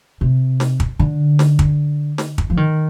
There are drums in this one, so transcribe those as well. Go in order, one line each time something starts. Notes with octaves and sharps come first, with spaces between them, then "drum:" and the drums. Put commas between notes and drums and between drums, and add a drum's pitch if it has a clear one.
C3
drum: snare
drum: kick
D3
drum: snare
drum: kick
drum: snare
drum: kick
F3
D#3